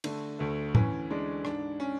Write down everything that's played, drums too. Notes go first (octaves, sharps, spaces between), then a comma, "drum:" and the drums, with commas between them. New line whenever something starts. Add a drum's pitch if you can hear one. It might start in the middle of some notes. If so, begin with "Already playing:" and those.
D3 A3, drum: cymbal
D2 A3
E3 C#4, drum: tom A2
G#3 D4
G#2 D4, drum: rim click
C#4